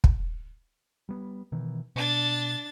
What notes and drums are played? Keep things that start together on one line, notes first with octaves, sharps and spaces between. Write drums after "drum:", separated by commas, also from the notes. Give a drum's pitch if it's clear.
drum: kick
G3 B3
B2 D#3 E3
B2 D4 A6